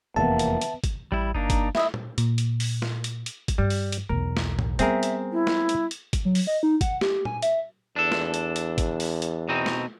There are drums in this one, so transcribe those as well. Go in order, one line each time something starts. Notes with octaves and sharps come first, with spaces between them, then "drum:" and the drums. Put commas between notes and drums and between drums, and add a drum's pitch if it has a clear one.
F1 E2 A#3 B3 E5 A5
drum: hi-hat
drum: hi-hat
drum: kick, hi-hat
A1 G3 E4
G1 A#3 D4 D#4
drum: kick, hi-hat
E4 D#5 E5, drum: snare
drum: tom A#2
A#2, drum: hi-hat
drum: hi-hat
drum: open hi-hat
drum: snare
drum: hi-hat
drum: hi-hat
drum: kick, hi-hat
G2 G3
drum: open hi-hat
drum: hi-hat
B1 E2 A#4
drum: snare
drum: tom A2
G3 B3 C4 G#4 A#4 E5, drum: hi-hat
drum: hi-hat
E4
drum: snare
drum: hi-hat
drum: hi-hat
drum: kick, hi-hat
F#3
drum: open hi-hat
D#5
D#4
F#5, drum: kick, hi-hat
G4, drum: snare
G#5, drum: tom A#2
E5, drum: hi-hat
E2 D4 A4
drum: snare
drum: hi-hat
drum: hi-hat
drum: kick, hi-hat
drum: open hi-hat
drum: hi-hat
B2 C4 D#4
drum: snare